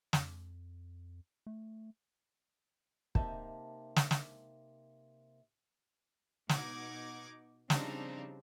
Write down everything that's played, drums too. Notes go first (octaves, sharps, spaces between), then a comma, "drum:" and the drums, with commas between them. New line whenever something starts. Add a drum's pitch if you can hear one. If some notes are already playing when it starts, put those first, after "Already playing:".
F2, drum: snare
A3
C3 A#3 D#4 E5 A5, drum: kick
drum: snare
drum: snare
B2 D#4 F#5 D6 G#6, drum: snare
C#3 F3 G3 C4 D4 D#4, drum: snare